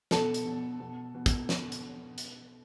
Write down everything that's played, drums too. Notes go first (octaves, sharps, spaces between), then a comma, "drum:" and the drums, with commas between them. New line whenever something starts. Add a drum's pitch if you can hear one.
B2 A4, drum: snare
drum: hi-hat
B2
B2
B2
drum: kick, hi-hat
drum: snare
drum: hi-hat
drum: hi-hat